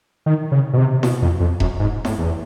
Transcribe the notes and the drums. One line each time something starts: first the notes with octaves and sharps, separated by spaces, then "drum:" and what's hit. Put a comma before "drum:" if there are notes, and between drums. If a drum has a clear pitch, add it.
D#3
C#3
B2
C3
B2, drum: snare E4
F2
F2
F#2, drum: kick E1
G#2
A2, drum: snare E4
E2